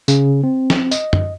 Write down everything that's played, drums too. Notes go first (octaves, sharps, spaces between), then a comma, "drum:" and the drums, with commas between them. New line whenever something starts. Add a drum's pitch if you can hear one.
C#3, drum: tambourine
C4
drum: snare
D#5, drum: tambourine
drum: tom F#2